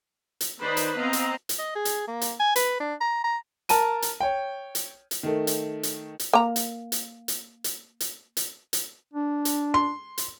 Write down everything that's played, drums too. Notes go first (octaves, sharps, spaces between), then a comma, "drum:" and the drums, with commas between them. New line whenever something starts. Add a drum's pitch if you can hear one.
drum: hi-hat
D#3 D#4 B4 C5 D5 B5
drum: hi-hat
B3 C4 D#5 F5 A#5
drum: hi-hat
drum: hi-hat
D#5
G#4
drum: hi-hat
A#3
drum: hi-hat
G#5
B4, drum: hi-hat
D4
A#5
A#5
A#4 A5 A#5 D#7, drum: hi-hat
drum: hi-hat
C#5 G5
drum: hi-hat
drum: hi-hat
D#3 A3
drum: hi-hat
drum: hi-hat
drum: hi-hat
A#3 A#5
drum: hi-hat
drum: hi-hat
drum: hi-hat
drum: hi-hat
drum: hi-hat
drum: hi-hat
drum: hi-hat
D4
drum: hi-hat
C6
drum: hi-hat